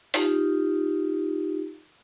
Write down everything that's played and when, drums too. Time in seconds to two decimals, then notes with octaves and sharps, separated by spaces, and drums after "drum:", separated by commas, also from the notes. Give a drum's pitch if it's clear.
0.14 D#4 F4 G4, drum: open hi-hat